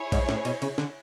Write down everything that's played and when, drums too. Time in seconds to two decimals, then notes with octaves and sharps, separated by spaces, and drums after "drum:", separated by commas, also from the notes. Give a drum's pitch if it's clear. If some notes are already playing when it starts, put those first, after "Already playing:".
Already playing: E4 G#4 C#5
0.12 G#2, drum: kick A#1, cymbal
0.29 A2, drum: snare
0.45 B2, drum: cymbal
0.62 C#3, drum: cymbal
0.78 D3, drum: snare